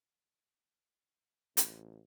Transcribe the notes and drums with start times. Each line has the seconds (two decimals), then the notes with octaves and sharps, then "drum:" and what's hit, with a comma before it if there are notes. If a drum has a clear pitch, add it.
1.57 A1, drum: hi-hat